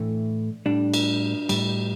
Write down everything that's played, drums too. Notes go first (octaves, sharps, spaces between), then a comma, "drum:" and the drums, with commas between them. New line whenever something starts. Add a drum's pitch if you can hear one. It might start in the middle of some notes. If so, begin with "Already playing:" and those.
Already playing: A2 E3 A3 D4
A2 G3 D4
drum: cymbal
A2 G3, drum: cymbal